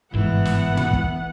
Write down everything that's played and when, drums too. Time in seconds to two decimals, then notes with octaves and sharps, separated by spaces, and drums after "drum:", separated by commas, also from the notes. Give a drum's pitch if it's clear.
0.14 G1 G#2 B2 E3 A3 B3 F#5
0.45 drum: snare
0.77 drum: tom
0.93 drum: kick